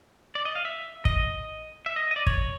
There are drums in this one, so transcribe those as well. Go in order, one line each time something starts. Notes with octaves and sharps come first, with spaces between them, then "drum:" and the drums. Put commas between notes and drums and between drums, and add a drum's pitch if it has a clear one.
D5
D#5
F5
E5
D#5, drum: kick
E5
D#5
D#5
D5
C#5, drum: kick